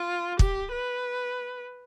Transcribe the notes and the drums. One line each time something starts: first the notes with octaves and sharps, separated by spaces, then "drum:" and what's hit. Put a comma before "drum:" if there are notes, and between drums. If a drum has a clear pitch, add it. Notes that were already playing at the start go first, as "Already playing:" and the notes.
Already playing: F4
G4, drum: kick
B4